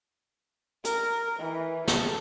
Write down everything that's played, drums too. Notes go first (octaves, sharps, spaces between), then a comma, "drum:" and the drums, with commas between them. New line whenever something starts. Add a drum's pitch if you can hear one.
A#4, drum: hi-hat
E3
A4, drum: snare